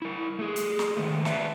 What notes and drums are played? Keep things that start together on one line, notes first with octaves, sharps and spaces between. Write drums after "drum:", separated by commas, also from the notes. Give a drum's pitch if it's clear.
E4 A#4
A3 G#4
drum: hi-hat
drum: snare
D#3 G#3 A3
B4 D5 E5 G5 A5, drum: snare